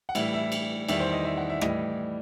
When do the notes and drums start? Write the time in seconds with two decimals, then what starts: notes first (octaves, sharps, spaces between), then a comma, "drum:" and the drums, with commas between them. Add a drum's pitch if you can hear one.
0.09 F#5
0.15 A2 E3 G3 E5, drum: cymbal
0.34 E5
0.52 drum: cymbal
0.88 E2 D#3 G3 E5, drum: cymbal
1.00 C5
1.13 D#5
1.25 E5
1.37 F#5
1.50 E5
1.61 A2 E3 G3 D#5, drum: rim click